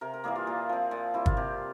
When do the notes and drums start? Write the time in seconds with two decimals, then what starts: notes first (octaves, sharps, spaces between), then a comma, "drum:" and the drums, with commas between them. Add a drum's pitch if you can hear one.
0.01 C3 A#4
0.14 A#4
0.24 E3 G3 A#3 G#4
0.36 F4
0.47 A#2
0.69 F3 C4
0.91 A#2
1.14 G3 C4 E4
1.26 F4, drum: kick G1
1.37 C3 G4